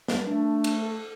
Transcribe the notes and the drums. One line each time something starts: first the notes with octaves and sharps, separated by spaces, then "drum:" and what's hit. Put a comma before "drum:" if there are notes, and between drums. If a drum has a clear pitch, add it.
G3, drum: snare
A3 D4
drum: cymbal
A4